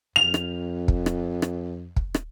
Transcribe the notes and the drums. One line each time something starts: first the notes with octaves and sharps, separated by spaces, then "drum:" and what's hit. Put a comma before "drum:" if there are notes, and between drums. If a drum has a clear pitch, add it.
F2 F7
drum: rim click
drum: kick
drum: rim click
drum: rim click
drum: kick
drum: rim click